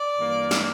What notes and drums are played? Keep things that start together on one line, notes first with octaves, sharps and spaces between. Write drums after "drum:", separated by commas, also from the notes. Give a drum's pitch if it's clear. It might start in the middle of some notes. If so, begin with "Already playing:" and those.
Already playing: D5
G2 E3 A#3
drum: snare